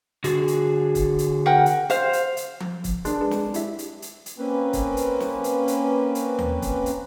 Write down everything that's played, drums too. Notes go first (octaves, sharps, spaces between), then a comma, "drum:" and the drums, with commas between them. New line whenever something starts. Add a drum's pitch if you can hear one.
D3 F#4 G#4, drum: hi-hat
drum: hi-hat
drum: kick, hi-hat
drum: hi-hat
A#4 F#5 G5
drum: hi-hat
C5 F5, drum: hi-hat
drum: hi-hat
drum: hi-hat
drum: tom F3
drum: kick, hi-hat
D4 G#4 A#4 C6 F#6, drum: hi-hat
G#3 G#4 B4
drum: snare
E4 G4 E5, drum: hi-hat
drum: hi-hat
drum: hi-hat
drum: hi-hat
A#3 C4 C#4 B4
drum: kick, hi-hat
drum: hi-hat
drum: snare
drum: hi-hat
drum: hi-hat
drum: hi-hat
drum: tom D#2
drum: kick, hi-hat
drum: hi-hat